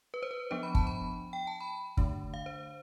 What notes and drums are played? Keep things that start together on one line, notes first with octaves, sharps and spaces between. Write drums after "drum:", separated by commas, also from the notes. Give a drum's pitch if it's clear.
B4
C5
B4
F3 B3 D4 C5
B5
A5, drum: kick
B5
G5
A5
B5
D3 A3 D4, drum: kick
F5
C5